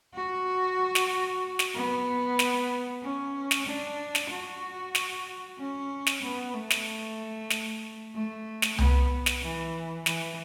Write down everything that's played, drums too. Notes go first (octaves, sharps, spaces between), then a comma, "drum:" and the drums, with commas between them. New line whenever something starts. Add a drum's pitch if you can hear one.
F#4
drum: snare
drum: snare
B3
drum: snare
C#4
drum: snare
D4
drum: snare
F#4
drum: snare
C#4
drum: snare
B3
A3
drum: snare
drum: snare
A3
drum: snare
B3, drum: tom C2
drum: snare
E3
E3, drum: snare